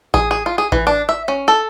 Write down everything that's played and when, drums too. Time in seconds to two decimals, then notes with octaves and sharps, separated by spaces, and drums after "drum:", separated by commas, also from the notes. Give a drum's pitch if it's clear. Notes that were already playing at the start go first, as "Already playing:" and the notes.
0.14 G#4, drum: kick A1
0.31 G#4
0.46 F4
0.58 G#4
0.72 E3, drum: kick A1
0.87 D4
1.09 E5
1.28 C#4
1.48 A4